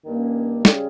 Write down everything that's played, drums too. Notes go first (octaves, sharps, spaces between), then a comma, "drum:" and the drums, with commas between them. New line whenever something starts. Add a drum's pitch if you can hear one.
G2 D#3 A#3 C#4
C#3 G3 C#4 G#4, drum: snare